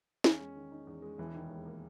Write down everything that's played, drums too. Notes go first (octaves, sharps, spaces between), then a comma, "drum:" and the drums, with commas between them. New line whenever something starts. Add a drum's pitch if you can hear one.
E2 C#4, drum: snare
G#3
D#3
D#4
E2
G#3
E1 E3
D#3
D#2
A#3